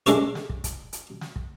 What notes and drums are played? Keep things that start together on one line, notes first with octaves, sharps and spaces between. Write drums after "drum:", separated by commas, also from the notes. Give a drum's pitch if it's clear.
G#3 D4 A4 C#5, drum: hi-hat
drum: snare
drum: kick
drum: kick, hi-hat
drum: hi-hat
drum: snare
drum: kick